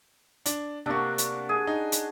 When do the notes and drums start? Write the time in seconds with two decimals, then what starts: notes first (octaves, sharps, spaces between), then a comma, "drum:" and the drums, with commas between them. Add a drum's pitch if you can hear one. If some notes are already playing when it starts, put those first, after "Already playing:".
0.46 D4, drum: hi-hat
0.86 C3 A#3 D4 F#4
1.18 drum: hi-hat
1.49 G#4
1.67 D#4
1.92 drum: hi-hat